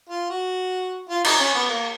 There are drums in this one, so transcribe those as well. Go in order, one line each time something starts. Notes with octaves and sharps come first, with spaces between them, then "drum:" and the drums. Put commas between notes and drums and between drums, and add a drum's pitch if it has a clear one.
F4
F#4
F4
D#4, drum: cymbal
C#4
B3
A#3